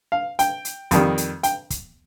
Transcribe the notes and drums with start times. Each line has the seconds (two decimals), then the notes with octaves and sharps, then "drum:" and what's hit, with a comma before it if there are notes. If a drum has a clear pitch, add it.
0.12 F5
0.39 G5, drum: hi-hat
0.65 drum: hi-hat
0.91 F2 D#3 G3, drum: kick, hi-hat
1.18 drum: hi-hat
1.43 G5, drum: hi-hat
1.70 drum: kick, hi-hat